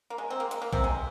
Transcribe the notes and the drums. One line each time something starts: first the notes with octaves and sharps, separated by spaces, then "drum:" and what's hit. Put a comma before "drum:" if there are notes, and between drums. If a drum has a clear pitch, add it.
A#3
G#3
C4
A#3
G#3, drum: hi-hat
A#3
C3 C4, drum: kick A#1
G#3